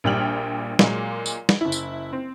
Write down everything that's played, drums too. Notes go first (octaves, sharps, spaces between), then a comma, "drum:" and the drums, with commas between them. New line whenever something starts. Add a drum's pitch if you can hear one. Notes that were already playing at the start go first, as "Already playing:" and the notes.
A#1 A#2 G3 G5 F6 F#7
A#2 F#3 G#3 A#3, drum: snare
drum: tambourine
drum: snare
F#1 E4
drum: tambourine
C4